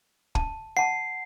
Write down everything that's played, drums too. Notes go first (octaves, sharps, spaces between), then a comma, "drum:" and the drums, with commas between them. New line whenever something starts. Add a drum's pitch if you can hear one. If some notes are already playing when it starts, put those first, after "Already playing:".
A5, drum: kick
F#5 A5 C7